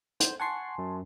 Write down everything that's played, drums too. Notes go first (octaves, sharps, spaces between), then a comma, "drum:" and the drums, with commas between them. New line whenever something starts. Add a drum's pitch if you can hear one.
C5, drum: hi-hat
F#5 G#5 A5 C6 C#6 C7
F#2